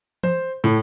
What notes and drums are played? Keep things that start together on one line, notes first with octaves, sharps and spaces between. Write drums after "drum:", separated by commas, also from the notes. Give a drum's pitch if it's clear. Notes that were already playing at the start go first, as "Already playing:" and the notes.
C5, drum: tom E3
A2